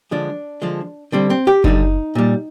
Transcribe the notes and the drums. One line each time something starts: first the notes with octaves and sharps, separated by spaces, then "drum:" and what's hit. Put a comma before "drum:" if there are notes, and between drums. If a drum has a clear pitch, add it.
D3 F3 G#3 D4
D3 F3 G#3
D3 G3 C4
C4
G4
D3 G3 D#4, drum: kick F#1
A#2 G3